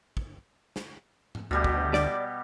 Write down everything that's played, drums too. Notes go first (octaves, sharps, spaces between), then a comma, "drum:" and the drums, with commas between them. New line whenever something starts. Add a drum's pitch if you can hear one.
drum: kick
drum: snare
drum: tom G#2
D2 B2 G3 G4
drum: kick
D5, drum: snare